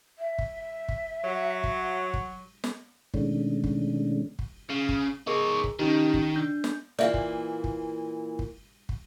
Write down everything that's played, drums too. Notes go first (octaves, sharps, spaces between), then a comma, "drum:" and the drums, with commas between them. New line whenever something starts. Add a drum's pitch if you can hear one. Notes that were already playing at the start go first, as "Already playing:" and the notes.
E5
drum: kick
drum: kick
F#3
drum: kick
drum: kick
drum: snare
B2 D#3 G#3 A3 C#4 D4, drum: kick
drum: kick
drum: kick
C#3
drum: kick
D#4 G#4 A#4 C#5
drum: kick
D#3 C#4 D#4 G4
drum: kick
D4 G6
drum: snare
A#2 E3 A#3 D5 E5 F5
drum: kick
drum: kick
drum: kick
drum: kick